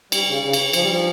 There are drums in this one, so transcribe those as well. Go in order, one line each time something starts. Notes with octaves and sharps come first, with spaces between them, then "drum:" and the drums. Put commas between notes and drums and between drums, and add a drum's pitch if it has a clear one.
G3, drum: cymbal
C#3
C#3
drum: cymbal
F3, drum: cymbal
G3
F3